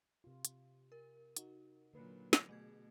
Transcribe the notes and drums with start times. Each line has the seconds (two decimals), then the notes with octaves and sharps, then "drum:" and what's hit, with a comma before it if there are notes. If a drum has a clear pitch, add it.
0.24 C3 F4
0.45 drum: hi-hat
0.92 A#4
1.36 D#4 F#4, drum: hi-hat
1.93 A#2 D3 F#3 B4
2.33 drum: snare
2.49 B2 A3 G#4 G#6